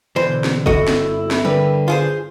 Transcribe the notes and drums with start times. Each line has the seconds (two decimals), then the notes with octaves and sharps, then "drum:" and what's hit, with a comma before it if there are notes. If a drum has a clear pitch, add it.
0.16 B2 D3 E3 C5
0.44 drum: snare
0.66 G1 E4 F#4 A4 D#5, drum: kick F#1
0.88 drum: snare
1.31 drum: snare
1.45 D3 G3 A#4 B4
1.88 F4 G#4 C5